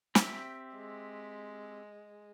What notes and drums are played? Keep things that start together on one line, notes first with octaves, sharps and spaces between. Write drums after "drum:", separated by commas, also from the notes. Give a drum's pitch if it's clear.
C4 G4 E5, drum: snare
G#3